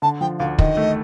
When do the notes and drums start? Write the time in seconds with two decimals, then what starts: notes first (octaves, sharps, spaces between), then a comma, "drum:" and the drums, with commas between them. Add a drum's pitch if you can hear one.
0.02 D3 A5
0.21 F3 G5
0.39 D2 F5
0.59 D#3 D#5, drum: kick
0.77 A3